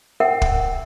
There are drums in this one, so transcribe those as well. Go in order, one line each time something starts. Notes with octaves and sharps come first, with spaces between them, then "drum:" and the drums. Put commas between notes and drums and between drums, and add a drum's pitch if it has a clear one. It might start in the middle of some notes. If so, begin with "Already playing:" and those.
A#4 E5 F#5 G5
drum: kick